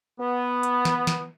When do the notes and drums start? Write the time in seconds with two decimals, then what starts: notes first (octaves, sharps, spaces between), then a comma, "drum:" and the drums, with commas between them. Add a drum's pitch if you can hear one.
0.19 B3
0.63 drum: hi-hat
0.85 drum: snare
1.07 drum: snare